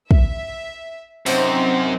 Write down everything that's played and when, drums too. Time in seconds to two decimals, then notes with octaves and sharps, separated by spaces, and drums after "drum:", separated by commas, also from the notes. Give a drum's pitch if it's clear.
0.11 E5, drum: kick
1.26 F#2 C3 C4 D#4 C5 F#5, drum: open hi-hat